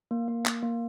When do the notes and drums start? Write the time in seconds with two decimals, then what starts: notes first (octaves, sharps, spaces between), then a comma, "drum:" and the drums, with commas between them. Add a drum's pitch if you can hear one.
0.11 A#3
0.28 A#3
0.46 A#3, drum: clap
0.63 A#3